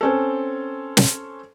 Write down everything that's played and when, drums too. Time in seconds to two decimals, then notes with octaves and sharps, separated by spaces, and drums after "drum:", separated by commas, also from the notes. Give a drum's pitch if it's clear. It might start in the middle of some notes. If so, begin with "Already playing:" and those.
0.01 C4 C#4 A4
0.97 drum: snare